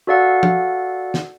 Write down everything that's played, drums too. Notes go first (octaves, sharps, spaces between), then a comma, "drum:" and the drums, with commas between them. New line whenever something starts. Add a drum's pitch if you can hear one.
F#4 A4 D5 F5 F#5 E6
drum: tom
drum: snare